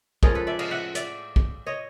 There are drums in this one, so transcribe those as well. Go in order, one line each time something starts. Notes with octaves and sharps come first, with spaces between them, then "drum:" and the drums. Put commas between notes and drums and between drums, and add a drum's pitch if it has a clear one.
A2 F3 G#3 C#4 G#4 A#4, drum: kick
A4 B4
D5 E5
D#5 F5, drum: cymbal
E5 F#5
D5 E5, drum: hi-hat
drum: kick
C#5 D#5